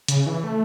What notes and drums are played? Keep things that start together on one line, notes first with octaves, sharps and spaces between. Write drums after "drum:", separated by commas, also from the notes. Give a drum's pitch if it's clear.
C#3, drum: hi-hat
E3
A3